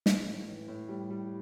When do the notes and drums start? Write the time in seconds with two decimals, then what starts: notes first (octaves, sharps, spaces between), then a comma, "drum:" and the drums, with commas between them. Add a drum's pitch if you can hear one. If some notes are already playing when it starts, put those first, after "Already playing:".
0.06 A2, drum: snare
0.26 A2
0.47 E3
0.68 A2
0.89 G3
1.10 G3